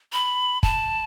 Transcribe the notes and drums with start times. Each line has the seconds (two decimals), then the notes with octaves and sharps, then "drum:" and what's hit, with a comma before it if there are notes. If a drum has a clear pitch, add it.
0.13 B5
0.63 A5, drum: kick